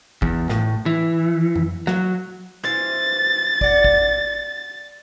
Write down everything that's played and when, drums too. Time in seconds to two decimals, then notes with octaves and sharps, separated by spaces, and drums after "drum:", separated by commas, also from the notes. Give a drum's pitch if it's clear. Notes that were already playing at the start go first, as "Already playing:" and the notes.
0.22 E2, drum: kick
0.49 A2, drum: snare
0.86 E3
1.56 drum: tom F2
1.87 F#3, drum: snare
2.64 E3 C5 F5 A6
3.61 D5 F#5, drum: kick
3.84 drum: kick